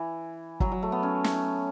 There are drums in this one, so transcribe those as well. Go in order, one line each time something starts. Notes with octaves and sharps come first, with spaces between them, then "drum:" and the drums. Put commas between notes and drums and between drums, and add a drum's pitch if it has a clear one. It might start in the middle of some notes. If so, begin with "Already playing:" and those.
Already playing: E3
F#3, drum: kick
F#3
A3
B3
C#4
drum: snare